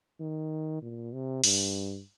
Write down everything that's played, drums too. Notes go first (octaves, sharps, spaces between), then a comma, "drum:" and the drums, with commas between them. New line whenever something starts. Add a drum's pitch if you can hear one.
D#3
A#2
C3
G2, drum: open hi-hat